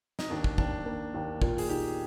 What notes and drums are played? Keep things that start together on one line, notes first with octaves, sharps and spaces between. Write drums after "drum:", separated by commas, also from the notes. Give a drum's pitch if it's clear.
D#4, drum: snare
D#2 D4
drum: kick
D#2 D4, drum: kick
A#3
D#2
A#2 F4, drum: kick
G#4, drum: open hi-hat
D#4 G4